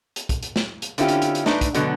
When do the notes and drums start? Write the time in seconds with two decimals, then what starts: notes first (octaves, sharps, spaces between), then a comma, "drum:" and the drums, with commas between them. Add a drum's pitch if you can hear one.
0.16 drum: hi-hat
0.29 drum: kick, hi-hat
0.43 drum: hi-hat
0.56 drum: snare
0.82 drum: hi-hat
0.98 D3 C4 C#4 E4 F4 G4, drum: hi-hat
1.09 drum: hi-hat
1.22 drum: hi-hat
1.35 drum: hi-hat
1.46 A3 D4 D#4 B4, drum: snare
1.61 drum: kick, hi-hat
1.75 B2 D3 F#3 G#3 B3, drum: hi-hat